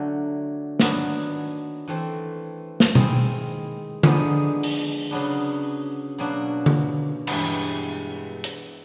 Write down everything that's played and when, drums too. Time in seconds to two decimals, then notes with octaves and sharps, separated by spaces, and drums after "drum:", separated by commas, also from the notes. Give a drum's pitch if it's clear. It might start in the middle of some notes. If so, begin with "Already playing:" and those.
Already playing: D3 F#3 A3
0.79 D#3 F#3 B3 D4 F#4, drum: snare
1.88 E3 A3 C4
2.80 drum: snare
2.95 D#3 G#3 C4 E4, drum: tom B2
4.03 D3 F3 G#3 B3 D#4, drum: tom D3
4.63 drum: open hi-hat
5.11 C#3 F#3 B3 D4
6.18 B2 F#3 A#3 D4 F#4
6.66 drum: tom D3
7.27 G2 E3 G#3 B3, drum: cymbal
8.44 drum: hi-hat